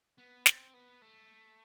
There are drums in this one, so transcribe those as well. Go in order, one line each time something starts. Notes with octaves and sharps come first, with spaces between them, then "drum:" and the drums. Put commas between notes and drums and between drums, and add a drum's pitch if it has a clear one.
B3
C4, drum: snare
B3
A3